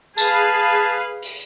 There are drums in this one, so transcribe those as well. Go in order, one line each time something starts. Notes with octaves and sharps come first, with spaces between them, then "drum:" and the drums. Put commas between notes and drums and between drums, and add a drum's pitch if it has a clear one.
G#4 B4 F5 A5, drum: tambourine
drum: open hi-hat